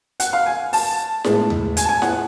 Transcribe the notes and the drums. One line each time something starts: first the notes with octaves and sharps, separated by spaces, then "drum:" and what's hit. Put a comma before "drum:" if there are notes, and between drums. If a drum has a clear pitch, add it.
F#5, drum: hi-hat
F5
G#5
A5, drum: open hi-hat
A2 G#3 B3, drum: snare E4
drum: tom D#2
G#5, drum: hi-hat
A5
G#5
F#5, drum: snare E4